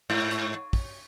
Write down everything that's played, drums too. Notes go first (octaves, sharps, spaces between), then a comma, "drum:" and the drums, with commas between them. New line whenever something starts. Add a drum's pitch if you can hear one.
G#2
drum: hi-hat
drum: kick, open hi-hat